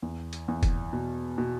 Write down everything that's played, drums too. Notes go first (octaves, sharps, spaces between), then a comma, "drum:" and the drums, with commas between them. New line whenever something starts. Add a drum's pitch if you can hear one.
E2
drum: hi-hat
E2
drum: kick F1, hi-hat
B2
B2